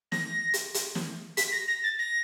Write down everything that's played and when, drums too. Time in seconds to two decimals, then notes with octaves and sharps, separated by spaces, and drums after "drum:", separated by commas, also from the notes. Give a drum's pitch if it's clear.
0.12 A#6, drum: snare
0.54 drum: hi-hat
0.74 drum: hi-hat
0.95 drum: snare
1.37 B6, drum: hi-hat
1.52 A#6
1.68 A#6
1.84 A6
1.99 A#6